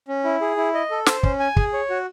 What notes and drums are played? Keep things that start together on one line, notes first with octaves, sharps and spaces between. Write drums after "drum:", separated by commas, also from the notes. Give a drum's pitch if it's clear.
C#4
E4
G#4
E4
D#5
A4
C5, drum: snare
C#4, drum: kick
G#5
G#4, drum: kick
C#5
F#4